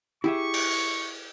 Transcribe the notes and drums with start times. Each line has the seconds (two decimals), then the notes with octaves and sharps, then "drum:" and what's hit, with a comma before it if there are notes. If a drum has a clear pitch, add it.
0.24 E4 G4 G#4 E5 C#6
0.54 drum: cymbal
0.71 drum: open hi-hat